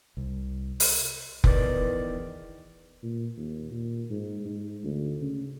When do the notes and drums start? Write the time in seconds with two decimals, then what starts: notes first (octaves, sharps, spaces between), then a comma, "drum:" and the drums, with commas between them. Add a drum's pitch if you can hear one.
0.17 C2
0.80 drum: open hi-hat
1.44 E2 D#3 B4 D5, drum: kick F1
3.03 A#2
3.37 D#2
3.71 A#2
4.10 G#2
4.45 G#2
4.84 D2
5.21 C#3